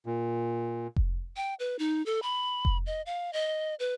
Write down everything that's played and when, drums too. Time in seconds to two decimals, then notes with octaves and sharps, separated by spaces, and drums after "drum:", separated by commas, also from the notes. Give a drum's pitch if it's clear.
0.06 A#2
0.96 drum: kick F1
1.36 G5
1.60 B4
1.79 D#4
2.06 A4
2.23 B5
2.65 drum: kick F1
2.86 D#5
3.06 F5
3.33 D#5
3.80 B4